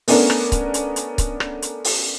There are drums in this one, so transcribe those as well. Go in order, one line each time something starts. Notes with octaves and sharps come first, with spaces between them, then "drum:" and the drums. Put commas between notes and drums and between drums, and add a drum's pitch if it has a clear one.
A3 B3 C#4 D4 A#4, drum: open hi-hat
drum: rim click
drum: kick C#1, hi-hat
drum: hi-hat
drum: hi-hat
drum: kick C#1, hi-hat
drum: rim click
drum: hi-hat
drum: open hi-hat